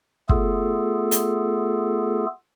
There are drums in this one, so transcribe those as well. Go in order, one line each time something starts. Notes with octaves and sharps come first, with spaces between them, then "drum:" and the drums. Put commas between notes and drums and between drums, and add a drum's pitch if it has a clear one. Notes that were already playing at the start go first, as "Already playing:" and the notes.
A3 B3 F4 G#4 A4, drum: kick
drum: hi-hat